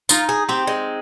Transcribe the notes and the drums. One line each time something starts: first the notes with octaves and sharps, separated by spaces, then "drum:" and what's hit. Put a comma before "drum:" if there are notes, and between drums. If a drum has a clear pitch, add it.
D#4 F4, drum: tambourine
G#4
C4 G4
G#3